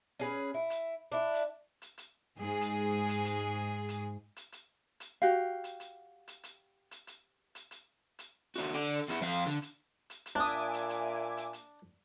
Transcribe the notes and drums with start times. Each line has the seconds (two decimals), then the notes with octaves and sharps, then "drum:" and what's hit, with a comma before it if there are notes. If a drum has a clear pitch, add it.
0.20 C#4 G#4 B4
0.54 E4
0.70 drum: hi-hat
1.12 D4 E4
1.34 drum: hi-hat
1.82 drum: hi-hat
1.98 drum: hi-hat
2.38 G#2 G#4
2.61 drum: hi-hat
3.09 drum: hi-hat
3.25 drum: hi-hat
3.89 drum: hi-hat
4.36 drum: hi-hat
4.52 drum: hi-hat
5.00 drum: hi-hat
5.22 F#4 G4 F5
5.64 drum: hi-hat
5.80 drum: hi-hat
6.28 drum: hi-hat
6.43 drum: hi-hat
6.91 drum: hi-hat
7.07 drum: hi-hat
7.55 drum: hi-hat
7.71 drum: hi-hat
8.19 drum: hi-hat
8.56 D#2 F#4
8.74 D3 D5
8.98 drum: hi-hat
9.09 E2 E4
9.22 F2 F5
9.46 D3, drum: hi-hat
9.62 drum: hi-hat
10.10 drum: hi-hat
10.26 drum: hi-hat
10.36 A#2 D4 E5 G#5 D6 D#6 F6 F#6
10.73 drum: hi-hat
10.89 drum: hi-hat
11.37 drum: hi-hat
11.53 drum: hi-hat